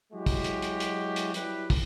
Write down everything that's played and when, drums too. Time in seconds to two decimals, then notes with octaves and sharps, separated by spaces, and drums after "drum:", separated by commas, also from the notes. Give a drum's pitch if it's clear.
0.13 F#3 G#3 E4 F#4 G4
0.26 drum: kick, open hi-hat
0.44 drum: hi-hat
0.62 drum: hi-hat
0.80 drum: hi-hat
1.16 drum: hi-hat
1.34 F#3 G3 E4 G4 B4, drum: hi-hat
1.70 drum: kick, open hi-hat